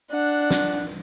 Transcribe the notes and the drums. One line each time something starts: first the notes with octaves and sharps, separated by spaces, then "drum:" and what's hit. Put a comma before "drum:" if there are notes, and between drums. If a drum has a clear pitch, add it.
D4 F#5
drum: snare